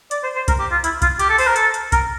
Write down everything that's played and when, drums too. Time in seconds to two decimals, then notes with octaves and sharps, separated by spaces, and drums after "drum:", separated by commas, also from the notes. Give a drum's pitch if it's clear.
0.11 D5, drum: hi-hat
0.23 C5
0.35 C5
0.48 A#4, drum: kick C2, hi-hat
0.59 G4
0.71 F4
0.84 E4, drum: hi-hat
1.02 F4, drum: kick C2, hi-hat
1.19 G4, drum: hi-hat
1.29 A4
1.38 C5, drum: open hi-hat
1.47 A#4
1.56 A4, drum: hi-hat
1.74 drum: hi-hat
1.92 A#4, drum: kick C2, hi-hat